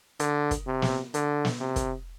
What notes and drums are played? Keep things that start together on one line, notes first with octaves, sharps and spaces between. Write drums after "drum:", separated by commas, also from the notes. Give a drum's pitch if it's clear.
D3, drum: hi-hat
drum: kick, hi-hat
C3
drum: snare
D3, drum: hi-hat
drum: snare
C3
drum: kick, hi-hat